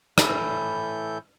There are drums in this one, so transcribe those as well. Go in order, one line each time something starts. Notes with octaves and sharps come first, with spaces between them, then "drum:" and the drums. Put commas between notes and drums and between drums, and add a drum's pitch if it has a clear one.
A2 E3 E4 A4 G6, drum: rim click